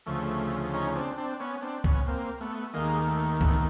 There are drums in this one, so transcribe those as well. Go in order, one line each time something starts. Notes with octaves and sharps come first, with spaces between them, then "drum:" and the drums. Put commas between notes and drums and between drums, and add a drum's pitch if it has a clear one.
D2 C#3 F3 A3
C#4 D#4
C4 D4
C4 D4
B3 C#4
C4 D4
B3 C#4, drum: kick C#2
A#3 C4
A3 B3
D#2 D#3 G#3 A#3
A3
A3 B3, drum: kick C#2